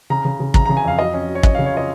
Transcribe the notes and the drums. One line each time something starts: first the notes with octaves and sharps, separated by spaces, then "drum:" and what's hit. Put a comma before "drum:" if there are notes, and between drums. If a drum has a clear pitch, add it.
C#3 A#5
C#3
C#3
C#3 A#5, drum: kick
A#5
C#3
G#5
F2 F5
F#3 D#5
C#4
F#3
C#5
C#4 D#5, drum: kick
F5
C#3
C#5
F4 D#5